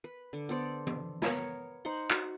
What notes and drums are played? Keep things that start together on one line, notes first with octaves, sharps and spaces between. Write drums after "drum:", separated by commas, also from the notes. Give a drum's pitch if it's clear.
B4
D3
B3 A4 C5 D5
drum: tom E3
B3 A#4 C#5, drum: snare
D#4 C5 F#5 C6
F#4, drum: clap